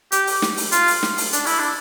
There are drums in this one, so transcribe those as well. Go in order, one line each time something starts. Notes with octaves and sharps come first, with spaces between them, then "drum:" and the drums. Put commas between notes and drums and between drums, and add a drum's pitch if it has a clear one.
G4, drum: hi-hat
drum: open hi-hat
drum: snare
drum: open hi-hat
F4, drum: hi-hat
drum: open hi-hat
drum: snare
drum: open hi-hat
D4, drum: hi-hat
E4, drum: open hi-hat
D4